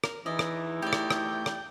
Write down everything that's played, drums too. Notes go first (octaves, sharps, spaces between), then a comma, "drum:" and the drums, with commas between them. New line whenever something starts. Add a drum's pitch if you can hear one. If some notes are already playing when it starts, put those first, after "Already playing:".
A#4, drum: rim click
E2 E3 D#4 E4 D5 D#5
drum: rim click
A3 G4 D5 G6
drum: rim click
drum: rim click
drum: rim click